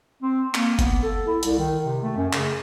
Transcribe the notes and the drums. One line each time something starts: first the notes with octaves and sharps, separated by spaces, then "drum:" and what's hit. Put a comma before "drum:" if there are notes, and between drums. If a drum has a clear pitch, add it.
C4
A#3, drum: clap
B3, drum: kick F#1, hi-hat
A4
E4
C2, drum: hi-hat
D#3
C3
A3
F#2
C#3, drum: clap